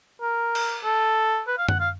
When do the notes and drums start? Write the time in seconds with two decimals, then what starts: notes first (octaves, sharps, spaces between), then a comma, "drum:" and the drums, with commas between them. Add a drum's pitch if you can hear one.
0.21 A#4
0.55 drum: cymbal
0.84 A4
1.47 B4
1.58 F5
1.69 F#5, drum: tom F#2
1.79 F5